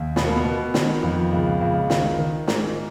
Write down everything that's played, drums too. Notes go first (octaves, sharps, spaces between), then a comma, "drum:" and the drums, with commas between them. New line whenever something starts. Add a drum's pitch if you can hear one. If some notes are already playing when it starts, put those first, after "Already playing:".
Already playing: D#2
B2 B3, drum: snare
A#3
B3
B2
D#3, drum: snare
F2
C#2
C#2
D#3, drum: snare
D#3
G#2 A#3, drum: snare